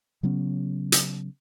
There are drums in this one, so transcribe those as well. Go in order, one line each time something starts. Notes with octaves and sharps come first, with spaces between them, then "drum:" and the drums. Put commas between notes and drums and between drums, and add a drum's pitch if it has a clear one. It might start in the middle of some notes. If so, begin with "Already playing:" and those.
C#3 F#3 B3 C#4
drum: hi-hat